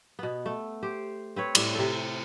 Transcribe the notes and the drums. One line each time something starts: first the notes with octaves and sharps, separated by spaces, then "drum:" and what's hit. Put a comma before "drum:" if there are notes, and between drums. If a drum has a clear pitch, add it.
B2 B3
A3
G4 C5
C4 B4 C#5
A2 G3, drum: cymbal
C3 A4